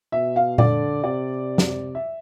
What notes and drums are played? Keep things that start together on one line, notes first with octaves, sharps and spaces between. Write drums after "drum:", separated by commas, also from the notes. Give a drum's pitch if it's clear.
B2 E5
F5
D3 D5, drum: tom A#2
C3 D5
drum: snare
E5